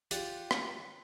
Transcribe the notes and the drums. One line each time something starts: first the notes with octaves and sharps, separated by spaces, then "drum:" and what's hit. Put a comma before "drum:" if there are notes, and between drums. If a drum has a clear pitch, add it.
F4 G4 D5 F#5, drum: hi-hat
drum: rim click